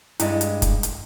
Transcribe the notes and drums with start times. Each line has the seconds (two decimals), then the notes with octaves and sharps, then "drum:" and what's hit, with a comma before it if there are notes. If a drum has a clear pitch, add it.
0.20 G2 G#3 E4 D#5, drum: hi-hat
0.41 drum: hi-hat
0.62 drum: kick, hi-hat
0.83 drum: hi-hat